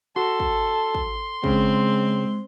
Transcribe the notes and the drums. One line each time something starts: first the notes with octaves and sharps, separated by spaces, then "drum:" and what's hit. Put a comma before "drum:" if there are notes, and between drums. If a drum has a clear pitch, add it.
F#4 A4 C6
drum: kick
drum: kick
C#3 G#3 C4, drum: kick